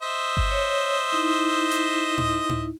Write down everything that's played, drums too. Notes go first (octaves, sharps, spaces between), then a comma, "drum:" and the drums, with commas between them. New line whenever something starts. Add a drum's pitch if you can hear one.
C5 D#5 E5
drum: kick G1
C#5
D#4 E4
drum: hi-hat
drum: tom A2
drum: tom A2